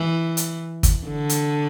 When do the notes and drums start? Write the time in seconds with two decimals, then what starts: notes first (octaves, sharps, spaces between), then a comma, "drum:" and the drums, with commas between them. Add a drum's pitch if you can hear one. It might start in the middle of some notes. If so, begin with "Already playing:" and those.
Already playing: E3
0.37 drum: hi-hat
0.83 drum: kick, hi-hat
1.07 D3
1.29 drum: hi-hat